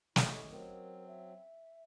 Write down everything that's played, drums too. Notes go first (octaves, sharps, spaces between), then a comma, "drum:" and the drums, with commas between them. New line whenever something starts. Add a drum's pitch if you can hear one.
C#4 E4 G4 D#5, drum: snare
F#3 C4 A#4
E5